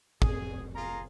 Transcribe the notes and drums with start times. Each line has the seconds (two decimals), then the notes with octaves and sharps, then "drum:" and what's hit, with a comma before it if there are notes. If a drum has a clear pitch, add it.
0.22 F1 A2 C4 G#4, drum: kick
0.75 F4 G#4 A#4 A#5